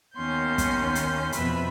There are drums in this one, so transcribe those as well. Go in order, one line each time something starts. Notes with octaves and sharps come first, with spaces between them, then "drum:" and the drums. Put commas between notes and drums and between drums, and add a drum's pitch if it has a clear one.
D#2 D#3 B3 C#4 C6 G6
drum: kick, hi-hat
drum: hi-hat
F2 B2 B4 E5 B5, drum: hi-hat